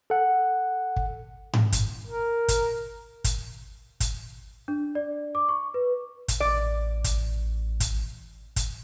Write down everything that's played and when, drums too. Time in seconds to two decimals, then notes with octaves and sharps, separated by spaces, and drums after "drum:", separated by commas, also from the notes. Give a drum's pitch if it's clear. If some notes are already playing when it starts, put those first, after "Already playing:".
0.10 A4 F#5
0.96 drum: kick
1.53 drum: tom G#2
1.72 drum: kick, hi-hat
2.07 A#4
2.48 drum: kick, hi-hat
3.24 drum: kick, hi-hat
4.00 drum: kick, hi-hat
4.68 D4
4.95 D5
5.35 D6
5.49 C#6
5.74 B4
6.28 drum: kick, hi-hat
6.40 A1 D5
7.04 drum: kick, hi-hat
7.80 drum: kick, hi-hat
8.56 drum: kick, hi-hat